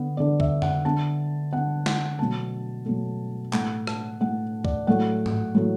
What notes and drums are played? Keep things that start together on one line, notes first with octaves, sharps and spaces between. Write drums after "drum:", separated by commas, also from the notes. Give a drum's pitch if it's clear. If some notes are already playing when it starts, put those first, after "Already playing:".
Already playing: D3 B3
D3 B3 D5
E5, drum: kick C#2
F#5, drum: tom F2
D3 B3 A5
D3 B3 F#5
F#5, drum: snare
B2 F#3 A3 A5
B2 F#3 A3
A2 A3 F#5, drum: clap
A5, drum: rim click
A2 A3 F#5
D5, drum: kick C#2
A2 F#3 A3 F#5
drum: tom G#2
A2 F#3 A3